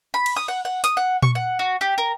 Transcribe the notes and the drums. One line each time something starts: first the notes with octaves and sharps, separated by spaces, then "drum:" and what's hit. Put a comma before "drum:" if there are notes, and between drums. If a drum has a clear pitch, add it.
B5
drum: cymbal
D#6
F#5
F#5
D#6, drum: hi-hat
F#5
C#6, drum: tom A#2
F#5
F#4
G4
A#4